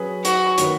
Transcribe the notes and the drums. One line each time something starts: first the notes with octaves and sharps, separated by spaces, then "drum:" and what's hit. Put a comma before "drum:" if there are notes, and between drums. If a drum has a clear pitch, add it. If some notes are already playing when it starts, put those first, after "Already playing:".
Already playing: F#3 C#4 G#4 B4
F#4, drum: hi-hat
D#3 A#3 C#4 F#4 B4, drum: hi-hat